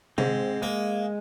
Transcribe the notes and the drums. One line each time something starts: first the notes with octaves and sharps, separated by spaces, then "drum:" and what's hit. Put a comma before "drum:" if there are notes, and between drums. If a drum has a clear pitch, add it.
G#2 C4, drum: tom C3
G#3 A#3